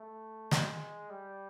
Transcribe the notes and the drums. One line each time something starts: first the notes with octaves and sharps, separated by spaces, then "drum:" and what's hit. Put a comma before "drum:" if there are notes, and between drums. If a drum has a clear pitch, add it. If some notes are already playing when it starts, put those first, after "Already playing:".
Already playing: A3
G#3, drum: snare
G3